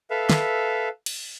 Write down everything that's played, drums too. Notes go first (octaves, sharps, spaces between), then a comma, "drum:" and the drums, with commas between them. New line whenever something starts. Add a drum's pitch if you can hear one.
A4 B4 E5 F5
drum: snare
drum: cymbal